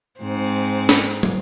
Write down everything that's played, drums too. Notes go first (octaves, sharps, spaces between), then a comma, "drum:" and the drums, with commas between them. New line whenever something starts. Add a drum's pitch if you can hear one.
G#2 C4
drum: snare
drum: tom